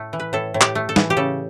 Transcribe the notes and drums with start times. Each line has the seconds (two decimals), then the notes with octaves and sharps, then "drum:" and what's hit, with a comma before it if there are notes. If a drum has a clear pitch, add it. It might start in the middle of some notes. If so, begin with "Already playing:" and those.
Already playing: A2 A3
0.13 E3
0.20 B4
0.33 A2 A4
0.54 A2
0.61 G4, drum: clap
0.75 A3
0.89 A4
0.96 E3, drum: snare
1.10 G4
1.17 C#3 A4